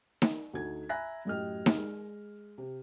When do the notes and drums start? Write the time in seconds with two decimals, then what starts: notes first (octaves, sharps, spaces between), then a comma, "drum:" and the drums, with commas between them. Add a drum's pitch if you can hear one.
0.22 drum: snare D#4
0.54 D2 D#4 A4 G#6
0.89 E5 G#5 A#5 B5 F#6 A#6
1.25 F#2 A2 G4 D#5 G5 F6
1.66 drum: snare D#4
1.75 G#3
2.58 C3